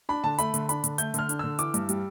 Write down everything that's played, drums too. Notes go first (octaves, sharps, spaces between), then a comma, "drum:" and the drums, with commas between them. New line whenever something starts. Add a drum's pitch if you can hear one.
D4 B5
D3 A5
A3 B5, drum: hi-hat
D3, drum: hi-hat
D4 B5, drum: hi-hat
D3, drum: hi-hat
A3 G6, drum: hi-hat
D3 F6, drum: hi-hat
D4, drum: hi-hat
D3 E6
E3 D6, drum: hi-hat
G2, drum: hi-hat
G3, drum: hi-hat